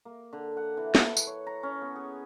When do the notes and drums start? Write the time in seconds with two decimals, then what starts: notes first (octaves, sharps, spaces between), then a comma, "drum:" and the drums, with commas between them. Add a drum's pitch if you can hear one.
0.05 A#3
0.33 D3
0.57 F#5
0.77 E3
0.95 A4, drum: snare
1.17 drum: tambourine
1.27 C#5
1.47 A#5
1.63 C#4
1.82 B3
1.96 G#4